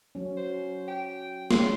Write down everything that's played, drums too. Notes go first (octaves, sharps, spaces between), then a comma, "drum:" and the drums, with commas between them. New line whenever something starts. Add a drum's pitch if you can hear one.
F#3 C#4
C5
G5
G#3 C#4 C6, drum: snare